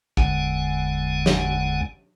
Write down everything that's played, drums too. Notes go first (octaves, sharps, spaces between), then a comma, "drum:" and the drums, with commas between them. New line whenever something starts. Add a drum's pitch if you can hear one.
G1 E2 D3 G#3 F#5 G#5, drum: kick A#1
drum: snare